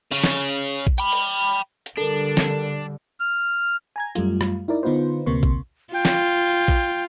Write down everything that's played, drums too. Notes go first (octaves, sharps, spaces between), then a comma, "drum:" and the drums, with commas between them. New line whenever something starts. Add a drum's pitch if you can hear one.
C#3 C#4
drum: snare
drum: kick A#1
G5 B5
drum: open hi-hat
drum: hi-hat
D3 G3 D4 A4 A#4
drum: snare
F6
G#5 A#5 G#6
F#2 G3 A3 F4, drum: hi-hat
drum: rim click
D#4 E4 A#4 D5
D3 B3 D#4 F4 B4 C5
D2 C3 A#3 C6 C#6
drum: kick A#1
F4 G5
drum: snare
drum: kick A#1